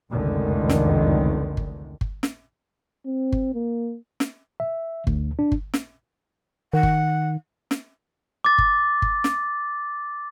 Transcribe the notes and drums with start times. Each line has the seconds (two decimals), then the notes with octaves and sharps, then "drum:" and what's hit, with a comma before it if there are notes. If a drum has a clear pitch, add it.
0.11 F1 C#2 F#2 D3 D#3
0.69 drum: snare
1.57 drum: kick G1
2.01 drum: kick G1
2.23 drum: snare
3.06 C4
3.32 drum: kick G1
3.54 A#3
4.20 drum: snare
4.60 E5
5.07 D2, drum: kick G1
5.39 D4
5.52 drum: kick G1
5.74 drum: snare
6.73 D#3 F#5
6.83 drum: kick G1
7.71 drum: snare
8.45 D6 A6
8.58 drum: kick G1
9.02 drum: kick G1
9.24 drum: snare